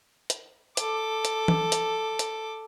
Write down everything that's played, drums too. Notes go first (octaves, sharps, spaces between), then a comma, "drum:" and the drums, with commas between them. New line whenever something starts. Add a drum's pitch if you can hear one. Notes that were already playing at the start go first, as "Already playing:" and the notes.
drum: hi-hat
A4 D6, drum: hi-hat
drum: hi-hat
drum: tom E3
drum: hi-hat
drum: hi-hat